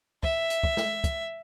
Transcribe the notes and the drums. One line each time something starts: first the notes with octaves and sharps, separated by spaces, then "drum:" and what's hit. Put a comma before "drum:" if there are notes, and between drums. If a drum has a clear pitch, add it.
E5, drum: kick
drum: hi-hat
drum: kick
drum: snare
drum: kick, hi-hat